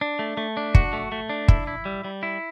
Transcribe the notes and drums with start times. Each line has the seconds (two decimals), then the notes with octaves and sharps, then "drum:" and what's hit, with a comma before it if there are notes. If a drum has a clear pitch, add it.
0.01 D4
0.19 A3
0.37 A3
0.57 D4
0.75 F#4, drum: kick
0.93 A3
1.12 A3
1.30 D4
1.48 E4, drum: kick
1.67 E4
1.85 G3
2.04 G3
2.23 E4